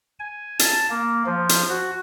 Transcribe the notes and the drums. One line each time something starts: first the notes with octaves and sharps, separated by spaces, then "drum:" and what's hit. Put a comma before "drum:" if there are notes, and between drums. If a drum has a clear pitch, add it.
G#5
A5, drum: hi-hat
A#3
F3
drum: hi-hat
F#4